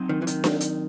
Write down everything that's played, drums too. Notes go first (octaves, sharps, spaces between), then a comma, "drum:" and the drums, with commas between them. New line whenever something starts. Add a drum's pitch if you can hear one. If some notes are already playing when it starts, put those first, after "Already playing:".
Already playing: F#3 C4 D#4
D#3
E3
D#3, drum: hi-hat
drum: snare D4
drum: hi-hat